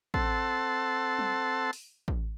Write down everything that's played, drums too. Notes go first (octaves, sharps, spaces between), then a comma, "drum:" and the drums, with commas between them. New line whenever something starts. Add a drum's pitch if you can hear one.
C4 A4 F#5 A5 C6 E6, drum: kick
drum: tom
drum: open hi-hat
drum: kick